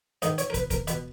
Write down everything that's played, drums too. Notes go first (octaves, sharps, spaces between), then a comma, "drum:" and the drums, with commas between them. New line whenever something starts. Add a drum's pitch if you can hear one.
G#2 D#3 D#5, drum: hi-hat
C#5, drum: hi-hat
A#4
B4, drum: kick, hi-hat
A#4, drum: kick, hi-hat
B2 B4, drum: hi-hat